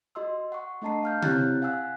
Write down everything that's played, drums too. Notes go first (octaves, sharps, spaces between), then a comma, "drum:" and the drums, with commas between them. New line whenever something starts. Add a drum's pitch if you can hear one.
F#4 D#5 C6 E6
F#5 C#6
A3 D4 D#5 A5 A#5 C7
F5 F6 G6
C4 E4 G4 C#5 F#6 A6, drum: tom C3
F5 F#5 G#5 E6 F#6